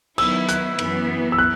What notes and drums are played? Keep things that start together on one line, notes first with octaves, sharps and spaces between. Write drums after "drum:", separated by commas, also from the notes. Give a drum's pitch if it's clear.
D#3 F#3 B3 E4 E6, drum: cymbal
F#6, drum: hi-hat
F#2 E3 B3, drum: cymbal
E6
F#6